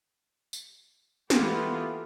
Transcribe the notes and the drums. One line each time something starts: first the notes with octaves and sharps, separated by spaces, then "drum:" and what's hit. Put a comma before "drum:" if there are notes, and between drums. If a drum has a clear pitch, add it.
drum: tambourine
E3 A#3 B3 F4 G4 A4, drum: snare